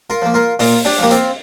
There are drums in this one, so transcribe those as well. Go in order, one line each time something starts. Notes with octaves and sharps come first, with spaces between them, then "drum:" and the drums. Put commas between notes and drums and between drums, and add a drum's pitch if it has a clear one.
F4 A#4
F3 A#3
F4 A#4
A#2 F4 A#4, drum: open hi-hat
D4 G4, drum: open hi-hat
F3 A#3 G4
C4 F4, drum: hi-hat